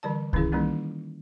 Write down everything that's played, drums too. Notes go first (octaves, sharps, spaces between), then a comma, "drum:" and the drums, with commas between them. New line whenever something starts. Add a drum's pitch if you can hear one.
D3 E3 G3 D5 A5
D#3 E3 C#4 E4 G#4, drum: kick C2
D#3 E3 G3 A#3 C#4 D#4